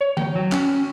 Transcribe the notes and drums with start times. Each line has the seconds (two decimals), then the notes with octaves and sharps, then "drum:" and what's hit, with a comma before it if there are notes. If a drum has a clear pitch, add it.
0.01 C#5
0.17 G5, drum: tom D3
0.35 F#3
0.52 C#4, drum: clap